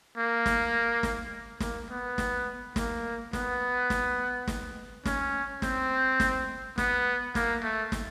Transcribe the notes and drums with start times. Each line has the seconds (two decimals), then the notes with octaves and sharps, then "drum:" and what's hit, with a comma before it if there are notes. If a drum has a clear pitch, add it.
0.17 A#3
0.46 drum: snare
1.03 drum: snare
1.60 A#3, drum: snare
1.90 B3
2.18 drum: snare
2.76 A#3, drum: snare
3.33 B3, drum: snare
3.90 drum: snare
4.48 drum: snare
5.05 C#4, drum: snare
5.62 C4, drum: snare
6.20 drum: snare
6.78 B3, drum: snare
7.35 A#3, drum: snare
7.63 A3
7.92 drum: snare